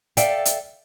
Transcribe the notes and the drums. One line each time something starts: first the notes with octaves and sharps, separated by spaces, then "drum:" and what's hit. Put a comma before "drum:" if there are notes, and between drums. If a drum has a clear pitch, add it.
A4 D5 E5 F5 G5, drum: hi-hat
drum: hi-hat